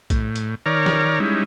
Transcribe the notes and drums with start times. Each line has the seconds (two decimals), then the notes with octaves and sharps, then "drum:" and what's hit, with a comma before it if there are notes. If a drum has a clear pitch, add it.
0.10 A2, drum: kick, hi-hat
0.36 drum: hi-hat
0.66 D#3 A#4 C#5 D5 A#5 F6
0.86 drum: snare
1.20 G3 G#3 C#4 D#4 E4